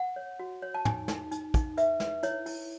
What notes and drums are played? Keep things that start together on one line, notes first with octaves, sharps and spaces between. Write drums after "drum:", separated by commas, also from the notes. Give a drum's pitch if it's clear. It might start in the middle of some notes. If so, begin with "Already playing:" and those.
Already playing: F#5
C#5
F#4
C#5
A5
D#4 G#5, drum: tom
D#4, drum: snare
D#4, drum: hi-hat
D#4, drum: kick, hi-hat
B4 E5, drum: hi-hat
B4, drum: snare
E4 C#5, drum: hi-hat
E4, drum: open hi-hat